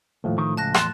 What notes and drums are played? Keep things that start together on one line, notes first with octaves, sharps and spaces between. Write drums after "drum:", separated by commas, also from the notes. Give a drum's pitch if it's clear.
D#2 A2 F3 A3
D#3
C#2 A5 F#6 A#6
E2 C6 F#6 A6 E7, drum: rim click